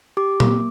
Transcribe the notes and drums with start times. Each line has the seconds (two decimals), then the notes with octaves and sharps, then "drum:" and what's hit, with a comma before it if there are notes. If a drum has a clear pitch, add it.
0.17 G4 D6
0.40 A#3, drum: tom A#2